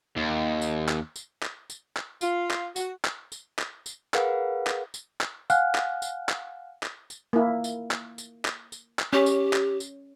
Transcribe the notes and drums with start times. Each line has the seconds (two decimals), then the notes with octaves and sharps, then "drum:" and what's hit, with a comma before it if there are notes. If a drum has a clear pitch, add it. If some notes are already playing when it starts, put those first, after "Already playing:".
0.16 D#2
0.62 drum: tambourine
0.89 drum: clap
1.16 drum: tambourine
1.43 drum: clap
1.70 drum: tambourine
1.97 drum: clap
2.21 F4, drum: tambourine
2.51 drum: clap
2.76 F#4, drum: tambourine
3.05 drum: clap
3.32 drum: tambourine
3.59 drum: clap
3.86 drum: tambourine
4.14 G#4 A#4 B4 F5 F#5, drum: clap
4.67 drum: clap
4.94 drum: tambourine
5.21 drum: clap
5.50 F5 F#5 G#5 F6 F#6, drum: tambourine
5.75 drum: clap
6.02 drum: tambourine
6.29 drum: clap
6.83 drum: clap
7.10 drum: tambourine
7.33 A#3 E4
7.64 drum: tambourine
7.91 drum: clap
8.18 drum: tambourine
8.45 drum: clap
8.72 drum: tambourine
8.99 drum: clap
9.13 C#4 G4
9.26 drum: tambourine
9.53 drum: clap
9.80 drum: tambourine